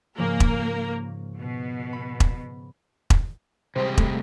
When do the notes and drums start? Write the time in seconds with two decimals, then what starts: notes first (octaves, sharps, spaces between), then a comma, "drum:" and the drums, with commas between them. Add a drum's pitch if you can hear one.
0.18 G#2 C#3 F3 A#3 A#4
0.40 drum: kick E1
1.37 B2
1.93 B5
2.20 drum: kick E1
3.10 drum: kick E1
3.76 C3 G3 G#3 C5
3.98 A3, drum: kick E1